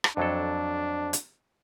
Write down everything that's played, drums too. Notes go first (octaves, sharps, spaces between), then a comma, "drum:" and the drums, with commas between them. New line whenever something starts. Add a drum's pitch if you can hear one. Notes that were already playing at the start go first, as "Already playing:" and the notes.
drum: rim click
F2 F#3 D4 A4
drum: hi-hat